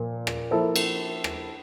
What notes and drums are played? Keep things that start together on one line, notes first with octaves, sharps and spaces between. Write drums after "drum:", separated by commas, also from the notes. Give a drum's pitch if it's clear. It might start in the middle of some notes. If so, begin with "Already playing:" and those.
Already playing: A#2 F3 A#3
drum: rim click
F3 A#3 E4 A4 C5
drum: cymbal
drum: rim click